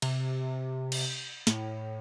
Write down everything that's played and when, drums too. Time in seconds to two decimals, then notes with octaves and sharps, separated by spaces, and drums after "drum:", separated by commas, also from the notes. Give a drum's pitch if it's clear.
0.02 C3, drum: cymbal
0.92 drum: cymbal
1.47 A2, drum: snare